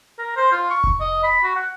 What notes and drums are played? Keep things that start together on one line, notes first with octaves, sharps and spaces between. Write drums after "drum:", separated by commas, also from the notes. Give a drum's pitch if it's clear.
A#4
C5
F4
C#6
drum: kick F1
D#5
B5
F#4
F#5